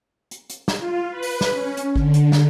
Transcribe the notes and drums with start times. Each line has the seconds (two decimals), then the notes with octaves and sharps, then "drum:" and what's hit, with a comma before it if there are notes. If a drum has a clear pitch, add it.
0.31 drum: hi-hat
0.50 drum: hi-hat
0.68 drum: snare
0.79 F4
1.10 B4
1.23 drum: open hi-hat
1.41 drum: snare
1.52 C#4
1.77 drum: hi-hat
1.96 D3, drum: kick G#1
2.14 drum: hi-hat
2.32 drum: snare